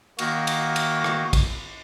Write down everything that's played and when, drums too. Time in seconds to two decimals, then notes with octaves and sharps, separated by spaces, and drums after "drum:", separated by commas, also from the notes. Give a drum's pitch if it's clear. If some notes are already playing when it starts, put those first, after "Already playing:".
0.19 D#3 A#3 F#4, drum: cymbal
0.47 drum: cymbal
0.76 drum: cymbal
1.04 drum: rim click
1.33 drum: kick, cymbal